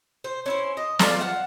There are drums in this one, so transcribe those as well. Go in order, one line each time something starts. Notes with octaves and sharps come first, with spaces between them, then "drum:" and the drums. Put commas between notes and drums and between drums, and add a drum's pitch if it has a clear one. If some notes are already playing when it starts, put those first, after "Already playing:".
C5
C#4 E4 C5
D#5
F4 A4 C5 D5, drum: snare
F5 F#5